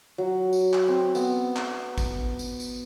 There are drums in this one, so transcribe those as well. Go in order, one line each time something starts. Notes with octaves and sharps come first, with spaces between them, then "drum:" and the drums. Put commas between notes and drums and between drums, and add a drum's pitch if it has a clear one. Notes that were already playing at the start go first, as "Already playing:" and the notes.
F#3
drum: tambourine
drum: clap
C4
B3, drum: tambourine
drum: clap
drum: kick A1, tambourine
drum: tambourine
drum: tambourine